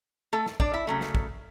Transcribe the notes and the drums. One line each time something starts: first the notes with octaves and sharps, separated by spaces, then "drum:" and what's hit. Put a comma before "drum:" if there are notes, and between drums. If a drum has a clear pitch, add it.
A3 A4
drum: snare
D4 D5, drum: kick
E4 E5
C#3 F#3 A3
drum: snare
drum: kick